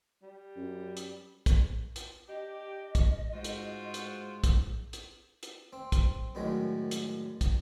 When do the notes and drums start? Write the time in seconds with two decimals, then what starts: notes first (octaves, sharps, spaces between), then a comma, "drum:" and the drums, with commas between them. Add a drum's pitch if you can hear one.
0.22 G3
0.56 F#2
0.97 drum: hi-hat
1.46 drum: kick, hi-hat
1.96 drum: hi-hat
2.28 D4 G4 D#5
2.95 drum: kick, hi-hat
3.34 G#2 G#3 F4 F#4 C5
3.44 drum: hi-hat
3.94 drum: hi-hat
4.44 drum: kick, hi-hat
4.93 drum: hi-hat
5.43 drum: hi-hat
5.73 C4
5.92 drum: kick, hi-hat
6.35 F#2 A2 D3 D#3 F#3 G#3
6.91 drum: hi-hat
7.41 drum: kick, hi-hat